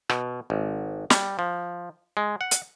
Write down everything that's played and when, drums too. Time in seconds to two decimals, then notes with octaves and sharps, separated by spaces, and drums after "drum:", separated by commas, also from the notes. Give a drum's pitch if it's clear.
0.10 B2, drum: rim click
0.50 G#1
1.10 G3, drum: snare
1.39 F3
2.17 G#3
2.41 F#5
2.51 drum: hi-hat